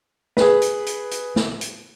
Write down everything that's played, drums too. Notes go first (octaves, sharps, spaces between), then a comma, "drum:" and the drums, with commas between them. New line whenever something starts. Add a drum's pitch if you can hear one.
G#4 B4, drum: snare
drum: hi-hat
drum: hi-hat
drum: hi-hat
drum: snare
drum: hi-hat